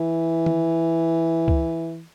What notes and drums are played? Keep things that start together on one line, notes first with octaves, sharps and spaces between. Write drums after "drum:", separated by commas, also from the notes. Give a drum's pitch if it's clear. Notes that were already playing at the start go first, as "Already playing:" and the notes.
Already playing: E3
drum: tom D#3
drum: kick C#2